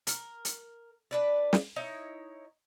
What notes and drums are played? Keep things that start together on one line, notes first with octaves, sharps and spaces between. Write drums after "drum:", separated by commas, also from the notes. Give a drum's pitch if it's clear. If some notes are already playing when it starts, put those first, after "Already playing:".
A#4, drum: hi-hat
drum: hi-hat
D4 B4 D5
drum: snare
D#4 E4 C#5